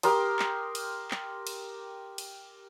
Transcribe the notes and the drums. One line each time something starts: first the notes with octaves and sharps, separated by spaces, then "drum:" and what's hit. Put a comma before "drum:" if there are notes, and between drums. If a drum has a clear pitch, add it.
G4 A#4 C6 D#6, drum: cymbal
drum: clap
drum: cymbal
drum: clap
drum: cymbal
drum: cymbal